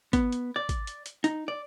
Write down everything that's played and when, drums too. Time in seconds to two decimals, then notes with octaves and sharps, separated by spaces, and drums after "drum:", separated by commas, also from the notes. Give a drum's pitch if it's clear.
0.13 B3, drum: kick G#1, hi-hat
0.32 drum: hi-hat
0.56 D5
0.69 drum: kick G#1, hi-hat
0.87 drum: hi-hat
1.06 drum: hi-hat
1.24 D#4, drum: hi-hat
1.48 D5